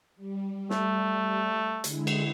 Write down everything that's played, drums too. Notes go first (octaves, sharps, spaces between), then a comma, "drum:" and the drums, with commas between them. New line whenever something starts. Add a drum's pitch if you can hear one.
G3
A3, drum: snare
D3 G#3 E4, drum: hi-hat
drum: cymbal